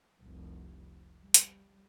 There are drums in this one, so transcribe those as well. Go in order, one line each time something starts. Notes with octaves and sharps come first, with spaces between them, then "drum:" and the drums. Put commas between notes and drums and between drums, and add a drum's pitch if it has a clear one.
F1 C2
G3
drum: hi-hat